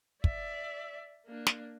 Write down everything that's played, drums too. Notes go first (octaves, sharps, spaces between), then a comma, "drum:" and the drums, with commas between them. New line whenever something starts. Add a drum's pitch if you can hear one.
D5 E5, drum: kick
A#3 D4
drum: snare